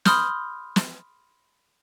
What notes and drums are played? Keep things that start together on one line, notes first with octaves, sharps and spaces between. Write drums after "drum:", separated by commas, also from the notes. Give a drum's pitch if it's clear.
B5 C6 D#6 F6 G6, drum: snare
drum: snare